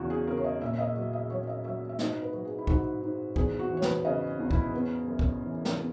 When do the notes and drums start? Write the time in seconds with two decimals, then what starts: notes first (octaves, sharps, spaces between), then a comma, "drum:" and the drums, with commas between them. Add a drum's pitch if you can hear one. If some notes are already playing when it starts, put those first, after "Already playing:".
Already playing: E2 C#3 F#4
0.10 G#4
0.27 C#3 A#4
0.37 C#5
0.44 D#5
0.61 A#2 E5
0.78 D#5
0.96 F#3
1.13 D#5
1.30 F#3 C#5
1.47 D#5
1.65 F#3 E5
1.89 E5
1.99 G#2 D#5, drum: snare
2.22 B4
2.33 F#3
2.45 G#4
2.58 E4
2.67 G#2 F#4, drum: kick
3.02 G#2
3.36 E2 G#4, drum: kick
3.59 F#4
3.70 E3
3.77 C#5
3.82 B4, drum: snare
4.05 C#3 D#5
4.39 E2
4.51 E4, drum: kick
4.74 B3
5.08 F#2
5.19 drum: kick
5.42 E3
5.65 drum: snare
5.77 B3